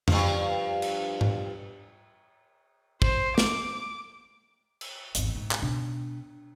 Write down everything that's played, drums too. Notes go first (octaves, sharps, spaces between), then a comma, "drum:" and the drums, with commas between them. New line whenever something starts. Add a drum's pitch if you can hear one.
G2 F3, drum: tom F2
drum: cymbal
drum: tom G#2
C5, drum: kick
D6, drum: snare
drum: cymbal
G#1 E2, drum: hi-hat
A#1 G#2
drum: clap
B2 D4